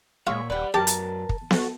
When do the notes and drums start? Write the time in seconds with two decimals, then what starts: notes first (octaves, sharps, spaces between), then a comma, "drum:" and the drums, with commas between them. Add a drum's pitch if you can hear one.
0.27 A#2 G#3 F4 C#5 E5 F#5
0.50 D#1 G4 B4 D5 F#5
0.74 F#2 F#3 G4 A#4 B4 A5
0.87 drum: hi-hat
1.29 drum: kick
1.51 F#4 A4, drum: snare B3